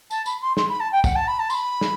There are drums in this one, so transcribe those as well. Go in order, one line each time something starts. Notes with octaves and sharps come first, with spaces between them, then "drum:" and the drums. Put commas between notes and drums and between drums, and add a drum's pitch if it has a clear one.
A5, drum: tambourine
B5, drum: tambourine
C6
C6, drum: snare
B5
A5
G5
F#5, drum: kick, tambourine
A5
B5
A5
C6, drum: tambourine
B5
drum: snare